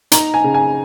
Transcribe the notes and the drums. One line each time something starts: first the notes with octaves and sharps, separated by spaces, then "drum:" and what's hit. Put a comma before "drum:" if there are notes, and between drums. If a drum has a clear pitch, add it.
D#4 A#5, drum: hi-hat
G#5
C#3
G#5